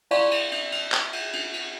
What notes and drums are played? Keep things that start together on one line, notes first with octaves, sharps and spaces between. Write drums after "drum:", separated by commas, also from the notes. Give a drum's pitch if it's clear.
E4 D5 F5 A5 C6 C#6, drum: cymbal
drum: cymbal
drum: cymbal
drum: cymbal
drum: clap
drum: cymbal
drum: cymbal
drum: cymbal